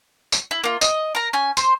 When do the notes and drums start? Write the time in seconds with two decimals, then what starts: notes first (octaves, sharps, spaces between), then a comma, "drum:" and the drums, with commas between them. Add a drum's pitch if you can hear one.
0.32 drum: tambourine
0.51 E4
0.64 A#3 F4
0.81 D#5, drum: tambourine
1.15 A#4 A#5
1.33 C#4 G#5
1.57 C5, drum: tambourine